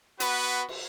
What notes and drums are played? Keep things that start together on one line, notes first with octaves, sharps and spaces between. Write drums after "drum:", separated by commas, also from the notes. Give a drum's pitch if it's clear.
B3 F#4 B4, drum: hi-hat
drum: cymbal